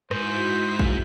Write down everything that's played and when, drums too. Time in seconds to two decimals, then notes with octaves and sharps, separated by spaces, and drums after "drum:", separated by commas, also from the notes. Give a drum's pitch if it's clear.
0.11 G#2 E4 F#4 C5 B6, drum: rim click
0.79 drum: kick A1